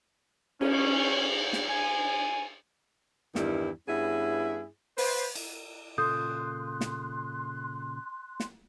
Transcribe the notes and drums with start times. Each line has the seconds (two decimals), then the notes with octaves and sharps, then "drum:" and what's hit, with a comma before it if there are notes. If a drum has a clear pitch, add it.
0.61 C#4, drum: cymbal
1.53 drum: snare
1.69 G#5
3.35 E2 G2 D#3 G3 E4, drum: snare
3.88 G2 B3 C#4 E4 G#4
4.98 B4 C5, drum: open hi-hat
5.35 drum: cymbal
5.98 A#2 C#3 F4 A4 C6 D#6 F#6 G6
6.81 drum: snare
8.40 drum: snare